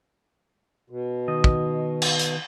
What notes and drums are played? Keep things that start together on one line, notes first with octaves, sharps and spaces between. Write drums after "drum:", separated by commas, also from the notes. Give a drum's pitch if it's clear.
B2
D#3 D#5
drum: kick
drum: cymbal
drum: hi-hat